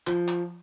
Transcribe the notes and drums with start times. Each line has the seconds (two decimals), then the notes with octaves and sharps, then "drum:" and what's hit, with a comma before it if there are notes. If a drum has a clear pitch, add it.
0.07 F3, drum: clap
0.28 drum: clap